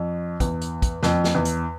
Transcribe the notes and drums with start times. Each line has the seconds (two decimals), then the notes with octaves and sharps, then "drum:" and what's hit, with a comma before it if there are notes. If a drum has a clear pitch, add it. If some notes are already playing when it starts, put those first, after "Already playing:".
Already playing: F2
0.40 E2, drum: kick, hi-hat
0.61 drum: hi-hat
0.82 drum: kick, hi-hat
1.03 F2, drum: snare
1.24 drum: snare
1.35 E2
1.45 drum: hi-hat